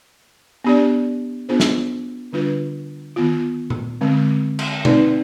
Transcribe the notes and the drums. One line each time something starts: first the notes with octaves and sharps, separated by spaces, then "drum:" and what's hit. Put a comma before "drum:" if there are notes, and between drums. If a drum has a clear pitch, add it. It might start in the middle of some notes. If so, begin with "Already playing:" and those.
B3 D4 G4 D5
B3 D4 F4 G#4 C5
drum: snare
D3 G3 D4 F4 B4
D#3 B3 F4
drum: tom A#2
D3 G#3 C4
drum: cymbal
C4 D#4 B4 D5, drum: tom B2